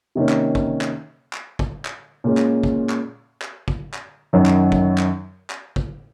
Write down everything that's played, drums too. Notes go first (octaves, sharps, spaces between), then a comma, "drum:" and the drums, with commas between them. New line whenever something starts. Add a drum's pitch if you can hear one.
C3 D#3 A#3 C#4
drum: clap
drum: kick
drum: clap
drum: clap
drum: kick
drum: clap
A#2 G#3 C#4
drum: clap
drum: kick
drum: clap
drum: clap
drum: kick
drum: clap
F#2 D#3 F#3
drum: clap
drum: kick
drum: clap
drum: clap
drum: kick